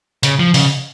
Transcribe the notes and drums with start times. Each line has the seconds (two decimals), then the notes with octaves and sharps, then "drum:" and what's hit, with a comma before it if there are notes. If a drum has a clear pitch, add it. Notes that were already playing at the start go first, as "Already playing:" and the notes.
0.23 C#3, drum: hi-hat
0.39 F3
0.54 C#3, drum: open hi-hat